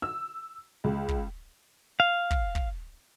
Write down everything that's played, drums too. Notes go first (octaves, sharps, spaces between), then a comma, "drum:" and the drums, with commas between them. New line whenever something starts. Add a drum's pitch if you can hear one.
E6
C#2
drum: kick
F5
drum: kick
drum: kick